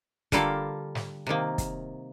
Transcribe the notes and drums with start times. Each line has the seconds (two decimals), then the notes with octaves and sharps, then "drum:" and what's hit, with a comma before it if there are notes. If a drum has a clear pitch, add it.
0.32 D3 G3 A#3 F4 A4, drum: kick, hi-hat
0.95 drum: snare
1.27 C3 D#3 A#3
1.58 drum: kick, hi-hat